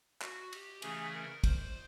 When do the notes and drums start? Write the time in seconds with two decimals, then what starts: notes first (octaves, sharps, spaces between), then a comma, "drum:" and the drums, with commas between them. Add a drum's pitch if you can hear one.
0.21 F#4, drum: clap
0.53 G4, drum: cymbal
0.82 C#3 E3 A3 C#4 G#4, drum: cymbal
1.13 A#4
1.44 C5, drum: kick, cymbal